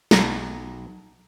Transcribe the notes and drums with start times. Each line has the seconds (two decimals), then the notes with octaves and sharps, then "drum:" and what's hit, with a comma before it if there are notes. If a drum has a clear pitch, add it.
0.11 B1 A#5, drum: snare